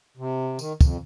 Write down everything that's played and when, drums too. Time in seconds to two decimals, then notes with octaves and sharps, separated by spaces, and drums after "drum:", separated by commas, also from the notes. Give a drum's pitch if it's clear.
0.17 C3
0.59 D#3, drum: tambourine
0.81 F2, drum: kick, tambourine